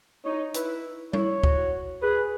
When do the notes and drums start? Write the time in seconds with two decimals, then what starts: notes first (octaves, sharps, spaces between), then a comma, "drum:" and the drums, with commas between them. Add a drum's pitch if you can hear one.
0.24 D#4 C#5
0.54 E4 B4, drum: hi-hat
1.13 E4 C#5, drum: tom G3
1.43 F#4, drum: kick
2.02 G#4 B4